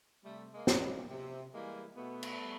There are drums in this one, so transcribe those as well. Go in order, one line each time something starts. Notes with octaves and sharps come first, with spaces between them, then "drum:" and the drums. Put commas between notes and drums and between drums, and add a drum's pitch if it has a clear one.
C3 G3 A3
G#3 A#3
E3 G3, drum: snare
G#3 A#3
C3
E3 G3 G#3 A#3
B2 A3 B3
drum: cymbal
G3